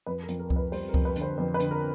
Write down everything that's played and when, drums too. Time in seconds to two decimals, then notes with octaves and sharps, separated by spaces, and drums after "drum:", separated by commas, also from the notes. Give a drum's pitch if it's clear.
0.06 F2 B4
0.23 A#4
0.28 F2, drum: hi-hat
0.39 A#4
0.50 F2, drum: kick C#2
0.56 B4
0.72 G3 C5, drum: open hi-hat
0.89 A#4
0.94 F2, drum: kick C#2
1.05 B4
1.16 D3, drum: hi-hat
1.22 C5
1.38 F2 B4
1.54 B4
1.60 D3, drum: hi-hat
1.71 A#4